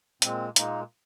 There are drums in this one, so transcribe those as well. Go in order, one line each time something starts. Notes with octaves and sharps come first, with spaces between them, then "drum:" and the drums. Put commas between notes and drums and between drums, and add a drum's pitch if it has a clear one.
A#2 G#3 C4, drum: hi-hat
A#2 G#3 A#3 D#4, drum: hi-hat